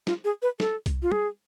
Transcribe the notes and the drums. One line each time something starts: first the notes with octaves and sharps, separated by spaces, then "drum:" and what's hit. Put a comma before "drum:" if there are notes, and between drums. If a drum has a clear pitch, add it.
F4, drum: snare
G#4
B4
A4, drum: snare
drum: kick C2, hi-hat
F4
G#4, drum: tom